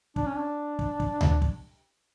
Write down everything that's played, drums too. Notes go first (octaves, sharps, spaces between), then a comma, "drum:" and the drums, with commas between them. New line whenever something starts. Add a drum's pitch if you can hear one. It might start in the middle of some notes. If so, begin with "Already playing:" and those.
D4, drum: kick
C#4
D4
drum: kick
drum: kick
drum: tom D2
drum: kick